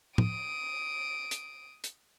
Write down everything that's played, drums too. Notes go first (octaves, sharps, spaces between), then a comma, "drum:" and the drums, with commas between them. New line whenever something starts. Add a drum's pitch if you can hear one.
D#6 D7, drum: tom A2
drum: hi-hat
drum: hi-hat